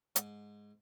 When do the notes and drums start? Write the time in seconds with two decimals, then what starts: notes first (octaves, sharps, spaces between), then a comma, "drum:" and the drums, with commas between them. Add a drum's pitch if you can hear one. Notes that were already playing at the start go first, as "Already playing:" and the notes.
0.16 G#2, drum: hi-hat